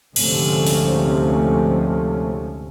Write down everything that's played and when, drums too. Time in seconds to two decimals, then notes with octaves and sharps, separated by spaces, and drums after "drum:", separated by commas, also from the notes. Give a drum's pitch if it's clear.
0.16 D2 G#2 C3 F3 A3 C#4, drum: cymbal
0.67 drum: open hi-hat